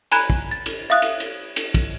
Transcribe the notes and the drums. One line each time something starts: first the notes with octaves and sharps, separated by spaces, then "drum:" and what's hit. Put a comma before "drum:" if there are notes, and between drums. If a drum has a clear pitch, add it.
G#5 A#5 B5 F#6 G#6 E7, drum: cymbal
drum: kick
A6
drum: cymbal
E5 F5 D#6 F#6
drum: cymbal
drum: cymbal
drum: cymbal
drum: kick, cymbal